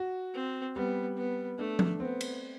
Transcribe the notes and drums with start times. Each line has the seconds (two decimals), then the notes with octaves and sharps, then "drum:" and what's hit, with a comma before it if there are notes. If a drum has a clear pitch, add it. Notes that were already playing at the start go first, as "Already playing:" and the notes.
Already playing: F#4
0.34 C4
0.76 G3 B3
1.17 B3
1.58 A3 D4
1.79 D4, drum: tom F3
2.00 B3 C4
2.21 drum: cymbal